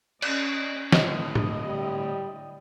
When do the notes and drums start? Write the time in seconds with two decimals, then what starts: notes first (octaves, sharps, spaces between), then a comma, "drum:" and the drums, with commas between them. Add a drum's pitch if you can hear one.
0.22 C#4 D5 D#5, drum: cymbal
0.92 A2 D3 E4 D#5, drum: snare
1.35 drum: tom
1.66 G3